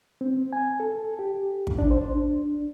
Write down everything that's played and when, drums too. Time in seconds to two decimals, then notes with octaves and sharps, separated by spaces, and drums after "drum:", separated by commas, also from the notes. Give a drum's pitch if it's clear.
0.21 C4
0.53 G#5
0.80 A4
1.19 G4
1.67 drum: kick
1.79 D4
1.90 C5
2.08 D4